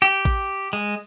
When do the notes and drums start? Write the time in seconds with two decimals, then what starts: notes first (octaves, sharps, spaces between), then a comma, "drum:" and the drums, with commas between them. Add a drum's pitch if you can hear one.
0.02 G4
0.25 drum: kick A1
0.73 G#3